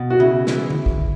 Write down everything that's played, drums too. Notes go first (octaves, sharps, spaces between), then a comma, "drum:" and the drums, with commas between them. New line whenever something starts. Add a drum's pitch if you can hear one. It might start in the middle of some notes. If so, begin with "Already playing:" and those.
Already playing: B2
F#4
C#3 E4
E3, drum: snare
drum: tom D3
drum: kick G#1